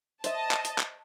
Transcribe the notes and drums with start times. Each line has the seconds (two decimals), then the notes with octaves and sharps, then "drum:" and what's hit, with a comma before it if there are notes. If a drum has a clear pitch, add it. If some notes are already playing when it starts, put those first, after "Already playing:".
0.24 C5 D#5 E5 A5, drum: hi-hat
0.51 drum: clap
0.65 drum: hi-hat
0.78 drum: clap